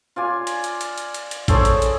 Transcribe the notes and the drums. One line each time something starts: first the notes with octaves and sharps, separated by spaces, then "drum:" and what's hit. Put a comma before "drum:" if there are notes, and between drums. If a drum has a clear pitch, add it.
F4 D5 G#5
drum: hi-hat
drum: hi-hat
drum: hi-hat
drum: hi-hat
drum: hi-hat
drum: hi-hat
G#4 A4 C5 C#5, drum: kick A1, hi-hat
drum: hi-hat
drum: hi-hat